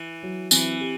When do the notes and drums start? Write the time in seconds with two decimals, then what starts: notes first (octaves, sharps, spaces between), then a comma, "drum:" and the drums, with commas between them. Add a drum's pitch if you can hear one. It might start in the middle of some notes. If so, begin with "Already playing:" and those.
Already playing: E3
0.23 F#3
0.51 E3 C4, drum: tambourine
0.81 G4